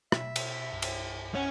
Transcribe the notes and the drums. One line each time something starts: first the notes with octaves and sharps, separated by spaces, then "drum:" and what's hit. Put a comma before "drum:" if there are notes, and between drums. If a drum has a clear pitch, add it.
B2 E5, drum: rim click
drum: cymbal
C2 G2
drum: cymbal
C#4 F#5